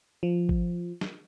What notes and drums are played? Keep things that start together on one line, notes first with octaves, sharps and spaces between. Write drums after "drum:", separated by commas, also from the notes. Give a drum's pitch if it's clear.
F3
drum: kick
drum: snare